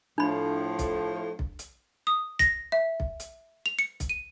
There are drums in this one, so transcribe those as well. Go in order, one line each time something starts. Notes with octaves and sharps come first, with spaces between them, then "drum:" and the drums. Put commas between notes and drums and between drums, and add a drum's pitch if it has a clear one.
A2 F3 D4 B5
drum: kick B1, hi-hat
drum: kick B1
drum: hi-hat
D#6
A#6, drum: kick B1, hi-hat
E5
drum: kick B1
drum: hi-hat
F7
C#7
drum: kick B1, hi-hat
D#7